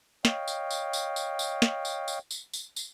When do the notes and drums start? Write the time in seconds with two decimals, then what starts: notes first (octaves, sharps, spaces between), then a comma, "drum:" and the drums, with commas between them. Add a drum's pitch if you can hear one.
0.25 C#5 D#5 F5 G5, drum: snare
0.48 drum: tambourine
0.70 drum: tambourine
0.93 drum: tambourine
1.16 drum: tambourine
1.39 drum: tambourine
1.62 drum: snare
1.85 drum: tambourine
2.08 drum: tambourine
2.31 drum: tambourine
2.53 drum: tambourine
2.76 drum: tambourine